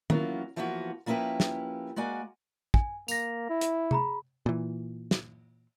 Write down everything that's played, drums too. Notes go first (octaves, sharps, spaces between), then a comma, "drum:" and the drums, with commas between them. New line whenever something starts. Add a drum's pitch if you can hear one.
E3 F#3 A#3 B3 C#4 F4, drum: tom D#3
E3 F3 A#3 B3 D4 F#4
F3 A#3 C#4 E4 G4 B4
drum: snare
G#3 A#3 F#4 D5 G#5
G#5, drum: kick
A#3 A#6 F7, drum: tambourine
E4
drum: hi-hat
G#4 A#5 B5, drum: tom C3
A#2 E3
drum: snare